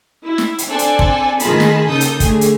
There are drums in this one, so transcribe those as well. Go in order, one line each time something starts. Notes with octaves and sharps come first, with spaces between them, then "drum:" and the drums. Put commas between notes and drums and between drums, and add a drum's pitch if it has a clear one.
E4
drum: snare
drum: hi-hat
C4 D4 A4 C5 D5 G#5
drum: hi-hat
drum: kick
D#3 A3 F4 G#4 A5 B5, drum: hi-hat
drum: snare
C#3 A#3 D#4 A4 D#6 G6
drum: hi-hat
D3 A3 G#4, drum: kick, hi-hat
drum: hi-hat